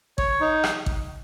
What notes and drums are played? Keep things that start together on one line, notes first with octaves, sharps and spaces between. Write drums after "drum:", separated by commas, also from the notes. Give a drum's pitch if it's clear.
C#5, drum: kick A1
D#4
drum: rim click
drum: kick A1